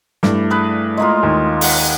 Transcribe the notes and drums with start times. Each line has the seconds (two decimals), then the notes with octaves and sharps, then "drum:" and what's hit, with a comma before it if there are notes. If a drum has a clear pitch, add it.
0.23 G2 A3 E4 D5, drum: snare
0.50 G#4 B4
0.97 G#3 A#3 F4
1.23 D#2
1.61 F#5, drum: open hi-hat